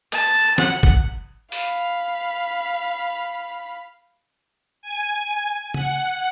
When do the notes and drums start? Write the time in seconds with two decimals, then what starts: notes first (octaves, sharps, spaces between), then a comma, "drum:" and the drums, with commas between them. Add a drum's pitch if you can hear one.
0.12 A5, drum: cymbal
0.58 F#5, drum: snare
0.83 drum: kick
1.52 F5 B5, drum: open hi-hat
4.82 G#5
5.74 F#5, drum: tom C#3